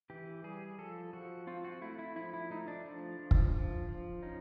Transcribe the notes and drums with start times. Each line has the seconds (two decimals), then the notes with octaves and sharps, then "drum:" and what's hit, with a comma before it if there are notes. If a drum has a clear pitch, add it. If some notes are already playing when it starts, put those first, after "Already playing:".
0.10 E3 G4
0.44 G3 G#4
0.79 F3 A4
1.13 F3 F#4
1.47 C4 F4
1.64 F#4
1.81 A3 E4
1.99 E4
2.16 F3 E4
2.33 E4
2.50 A3 D#4
2.68 D4
2.85 F3
3.19 F3
3.31 drum: kick
3.54 F3
3.88 F3
4.22 C#4 D#4